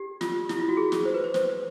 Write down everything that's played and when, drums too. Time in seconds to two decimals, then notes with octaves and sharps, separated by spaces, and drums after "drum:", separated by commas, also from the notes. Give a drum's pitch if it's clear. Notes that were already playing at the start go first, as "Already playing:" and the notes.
Already playing: G4
0.21 F4, drum: snare
0.49 E4, drum: snare
0.59 F4
0.69 F#4
0.77 G#4
0.92 drum: snare
1.05 C5
1.14 B4
1.24 C5
1.34 C5, drum: snare